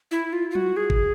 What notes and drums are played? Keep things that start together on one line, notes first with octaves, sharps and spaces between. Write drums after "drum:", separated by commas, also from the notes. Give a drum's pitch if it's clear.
E4
F4
F4
F#4, drum: tom F#3
G#4
drum: kick G1